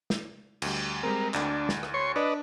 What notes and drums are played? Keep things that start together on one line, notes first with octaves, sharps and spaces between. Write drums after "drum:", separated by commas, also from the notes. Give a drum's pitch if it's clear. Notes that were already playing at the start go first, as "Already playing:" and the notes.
drum: snare
D2 G3, drum: cymbal
G3 G#3 C4 A#4
D2 D4, drum: clap
drum: snare
drum: rim click
C#5 C6 C#6
D4 B4 D5 D#5